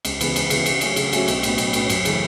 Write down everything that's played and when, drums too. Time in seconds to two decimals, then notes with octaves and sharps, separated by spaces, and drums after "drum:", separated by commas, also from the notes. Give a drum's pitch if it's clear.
0.05 C#2, drum: cymbal
0.21 C#3 E3 B3, drum: cymbal
0.36 C#2, drum: cymbal
0.50 C#3 E3 B3, drum: cymbal
0.66 C#3, drum: cymbal
0.81 F#3 A3 C#4 F#4, drum: cymbal
0.96 C#3, drum: cymbal
1.13 F#3 A3 C#4 F#4, drum: cymbal
1.28 B1, drum: cymbal
1.43 A2 F#3 B3, drum: cymbal
1.58 B1, drum: cymbal
1.73 A2 F#3 B3, drum: cymbal
1.90 F#2, drum: cymbal
2.05 C#3 E3 A3, drum: cymbal